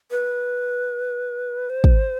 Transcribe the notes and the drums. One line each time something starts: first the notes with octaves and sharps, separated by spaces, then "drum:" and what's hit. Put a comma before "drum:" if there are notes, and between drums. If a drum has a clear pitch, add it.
B4
C5
drum: kick